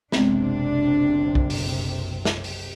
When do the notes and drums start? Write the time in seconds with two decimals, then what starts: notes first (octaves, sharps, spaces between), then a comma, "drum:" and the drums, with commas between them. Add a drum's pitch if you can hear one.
0.12 F#1 B1 C3 G#3 B3 C4 D4, drum: snare
1.35 drum: kick B1
1.50 drum: open hi-hat
2.25 drum: snare
2.44 drum: open hi-hat